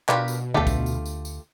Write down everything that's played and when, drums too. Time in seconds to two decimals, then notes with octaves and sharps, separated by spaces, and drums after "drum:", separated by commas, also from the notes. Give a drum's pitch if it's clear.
0.09 B2 D4 F4 G4 A#4 B4, drum: clap
0.28 drum: tambourine
0.54 D2 D3 A3 B3 F4 G4 A4
0.67 drum: kick, tambourine
0.86 drum: tambourine
1.06 drum: tambourine
1.25 drum: tambourine